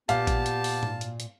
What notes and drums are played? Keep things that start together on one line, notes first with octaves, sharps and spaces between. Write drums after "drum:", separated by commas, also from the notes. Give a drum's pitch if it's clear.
A#2 B3 G4 F5 A5, drum: hi-hat
drum: kick A1, hi-hat
drum: hi-hat
drum: open hi-hat
drum: tom G#2
drum: hi-hat
drum: hi-hat